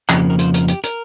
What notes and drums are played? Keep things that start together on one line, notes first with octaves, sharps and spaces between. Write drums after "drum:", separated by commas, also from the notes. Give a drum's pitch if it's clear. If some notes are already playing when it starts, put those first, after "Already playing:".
F2 C#3 F3 A#3 G4, drum: clap
A#4
C5, drum: hi-hat
A#4, drum: hi-hat
G4, drum: hi-hat
A#4, drum: hi-hat